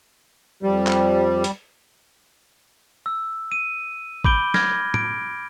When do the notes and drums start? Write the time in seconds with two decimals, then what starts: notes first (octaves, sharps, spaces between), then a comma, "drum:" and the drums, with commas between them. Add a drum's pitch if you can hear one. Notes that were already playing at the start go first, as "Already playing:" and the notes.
0.63 F2 F3 G3 G4
0.87 drum: clap
1.44 drum: hi-hat
3.06 E6
3.52 D#7
4.24 B5 D6 G6 D7 G7, drum: kick
4.54 F6 G#6 A#6, drum: snare
4.94 D7, drum: tom A2